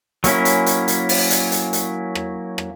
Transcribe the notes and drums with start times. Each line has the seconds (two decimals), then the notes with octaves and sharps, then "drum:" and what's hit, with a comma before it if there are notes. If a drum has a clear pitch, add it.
0.24 F#3 A#3 C#4 E4, drum: hi-hat
0.45 drum: hi-hat
0.66 drum: hi-hat
0.88 drum: hi-hat
1.09 drum: open hi-hat
1.30 drum: hi-hat
1.52 drum: hi-hat
1.73 drum: hi-hat
2.15 drum: rim click
2.58 drum: rim click